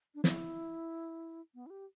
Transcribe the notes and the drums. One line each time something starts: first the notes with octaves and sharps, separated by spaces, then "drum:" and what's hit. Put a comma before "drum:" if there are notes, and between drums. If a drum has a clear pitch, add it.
D4
E4, drum: snare
B3
E4
G4